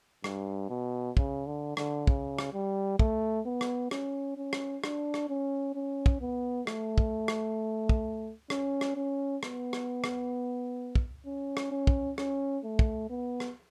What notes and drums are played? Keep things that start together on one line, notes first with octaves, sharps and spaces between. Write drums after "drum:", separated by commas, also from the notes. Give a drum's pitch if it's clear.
G2, drum: rim click
B2
C#3, drum: kick
D3
D3, drum: rim click
C#3, drum: kick
drum: rim click
G3
A3, drum: kick
B3
drum: rim click
C#4, drum: rim click
C#4
drum: rim click
D4, drum: rim click
drum: rim click
C#4
C#4
drum: kick
B3
A3, drum: rim click
drum: kick
drum: rim click
drum: kick
C#4, drum: rim click
drum: rim click
C#4
B3, drum: rim click
drum: rim click
drum: rim click
drum: kick
C#4
drum: rim click
C#4
drum: kick
C#4, drum: rim click
A3
drum: kick
B3
drum: rim click